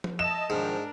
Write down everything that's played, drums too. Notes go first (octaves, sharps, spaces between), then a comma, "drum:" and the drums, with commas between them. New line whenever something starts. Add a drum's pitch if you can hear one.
drum: tom F3
D#5 E5 A5 E7
G#2 D#3 F3 D4 A#4 F6